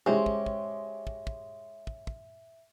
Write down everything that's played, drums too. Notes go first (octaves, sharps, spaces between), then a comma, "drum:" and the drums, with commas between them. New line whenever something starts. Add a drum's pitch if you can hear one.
G#3 C#4 G4 C5 E5
drum: kick
drum: kick
drum: kick
drum: kick
drum: kick
drum: kick